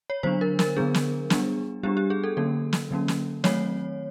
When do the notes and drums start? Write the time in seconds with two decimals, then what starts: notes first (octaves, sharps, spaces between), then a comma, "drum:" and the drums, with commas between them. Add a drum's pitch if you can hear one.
0.10 C#5
0.23 D3 F#3 B3 D4 C5
0.41 A#4
0.59 A#4, drum: snare
0.76 D3 F#3 B3 D4 G#4
0.94 drum: snare
1.30 G3 B3 D4, drum: snare
1.83 G3 B3 D4 G4
1.97 G4
2.10 G#4
2.24 A4
2.37 D3 F#3 A#3 C#4 A4
2.73 drum: snare
2.91 D3 F#3 A#3 C#4
3.08 drum: snare
3.44 D#3 F#3 A3 C4 C#5, drum: snare